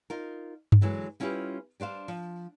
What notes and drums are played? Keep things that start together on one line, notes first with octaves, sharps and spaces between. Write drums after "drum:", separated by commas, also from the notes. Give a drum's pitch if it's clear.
D#4 F4 A#4
drum: tom G2
D3 E3 F#3 G#3
G3 C#4 E4 F4 G4 B4
G3 D4 C5 F5
F3